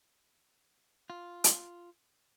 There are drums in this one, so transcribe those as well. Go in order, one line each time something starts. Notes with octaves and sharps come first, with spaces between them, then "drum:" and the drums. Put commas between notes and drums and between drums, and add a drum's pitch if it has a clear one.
F4
drum: hi-hat